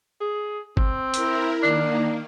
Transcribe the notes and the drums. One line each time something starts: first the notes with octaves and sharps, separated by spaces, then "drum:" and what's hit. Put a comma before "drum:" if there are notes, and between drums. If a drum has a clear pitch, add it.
G#4
C4, drum: kick
E4 A#4, drum: hi-hat
D#3 A#3 D4